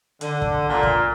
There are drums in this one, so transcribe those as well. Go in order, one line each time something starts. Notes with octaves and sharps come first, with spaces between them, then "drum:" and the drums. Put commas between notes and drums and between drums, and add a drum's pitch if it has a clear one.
D3, drum: hi-hat
drum: kick
A#2
drum: kick